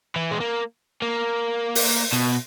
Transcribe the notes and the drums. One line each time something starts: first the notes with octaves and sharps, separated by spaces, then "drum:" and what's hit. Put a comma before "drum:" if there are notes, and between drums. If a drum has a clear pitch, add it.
E3
G#3
A#3
A#3
drum: open hi-hat
B2, drum: hi-hat